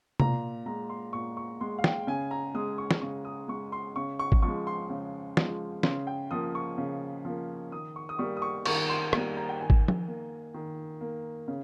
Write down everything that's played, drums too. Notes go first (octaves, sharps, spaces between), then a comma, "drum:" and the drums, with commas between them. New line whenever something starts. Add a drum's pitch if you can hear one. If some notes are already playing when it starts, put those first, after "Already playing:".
A#2 A#5, drum: tom C3
G#3 A#5
C6
A#2 C#6
C#6
G#3 C6
F5
G5, drum: snare
C#3 G#5
A#5
G#3 D#6
C#6
drum: snare
C#3 C#6
D#6
G#3 C#6
C6
C#3 C#6
C#6
drum: kick G#1
F3 G#3 C#6
C6
C#3
F3 G#3, drum: snare
C#3 C6, drum: snare
G5
F3 A#3 D#6
C#6
C#3
F3 A#3
D#3 D#6
C#6
D#6
G3 A#3 C#6
D#6
C#6
D#3 C#6, drum: cymbal
C6
G3 A#3, drum: rim click
A#5
G5
D#3 G#5
drum: kick G#1
drum: tom F3
A#3
D#3
A#3
C#3